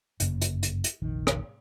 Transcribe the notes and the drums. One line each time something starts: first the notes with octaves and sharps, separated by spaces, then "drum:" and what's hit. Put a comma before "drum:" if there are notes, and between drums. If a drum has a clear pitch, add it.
G1 F#2 C#3 A#3, drum: hi-hat
drum: hi-hat
drum: hi-hat
drum: hi-hat
F1 A#1 D#3
drum: rim click